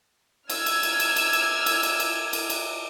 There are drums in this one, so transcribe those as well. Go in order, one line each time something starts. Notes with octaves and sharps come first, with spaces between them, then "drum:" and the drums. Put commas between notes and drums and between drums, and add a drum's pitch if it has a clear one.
E6 F6 G#6, drum: cymbal
drum: cymbal
drum: cymbal
drum: cymbal
drum: cymbal
drum: cymbal
drum: cymbal
drum: cymbal
drum: cymbal
drum: cymbal
drum: cymbal